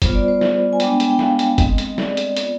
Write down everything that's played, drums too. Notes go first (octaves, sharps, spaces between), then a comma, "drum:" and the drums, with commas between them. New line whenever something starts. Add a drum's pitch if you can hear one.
G3 B3 F4 C5, drum: kick, hi-hat
D5
C5
drum: snare
G#5
G#3 B3 D4 G5, drum: hi-hat
drum: hi-hat
G5
F5, drum: snare
drum: hi-hat
G#3 C4 D#4 D#5, drum: kick, hi-hat
drum: hi-hat
D5, drum: snare
drum: hi-hat
B3 F4, drum: hi-hat